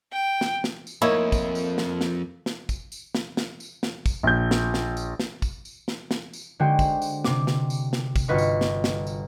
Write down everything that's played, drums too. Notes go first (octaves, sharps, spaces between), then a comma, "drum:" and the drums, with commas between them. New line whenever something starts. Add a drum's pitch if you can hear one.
G5
drum: snare
drum: snare
drum: tambourine
F2 A#3 D#4 E4 C#5
drum: kick, tambourine
drum: tambourine
drum: snare
drum: snare
drum: snare
drum: kick, tambourine
drum: tambourine
drum: snare
drum: snare
drum: tambourine
drum: snare
drum: kick, tambourine
A#1 G6
drum: snare
drum: snare
drum: tambourine
drum: snare
drum: kick, tambourine
drum: tambourine
drum: snare
drum: snare
drum: tambourine
D3 G#3 F#4 C5 G5
drum: kick, tambourine
drum: tambourine
C3 D6, drum: snare
drum: snare
drum: tambourine
drum: snare
drum: kick, tambourine
G1 F4 F#4 B4 D#5 C#6
drum: tambourine
drum: snare
drum: snare
drum: tambourine